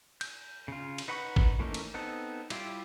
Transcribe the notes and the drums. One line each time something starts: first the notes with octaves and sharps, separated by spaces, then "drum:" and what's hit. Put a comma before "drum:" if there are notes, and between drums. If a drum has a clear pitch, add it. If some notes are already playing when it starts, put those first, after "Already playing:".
G6, drum: cymbal
C#3 F4
drum: cymbal
D#4 B4 F#5 B5 C#6
drum: kick
E3 A3 A#3 C#4 D#4
drum: cymbal
B3 C4 D#4 A4
G3 E4 F4 G4, drum: cymbal